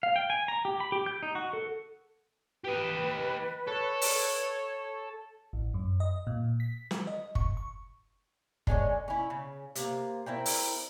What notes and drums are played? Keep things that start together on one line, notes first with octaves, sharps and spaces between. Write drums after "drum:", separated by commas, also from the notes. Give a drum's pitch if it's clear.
F5
G5
G#5
A#5
G4
B5
G4
G6
D#4
F#4
A4
G4 B4 D#5
A4 C#5
drum: open hi-hat
A1
F#2
D#5
A#2
B6
drum: snare
D#5
C#6, drum: kick
C#6
D3 G#3 B3 C#4, drum: kick
C#4 E4
C#3
C3 A#3, drum: hi-hat
C4 E4 A#4 G5
drum: open hi-hat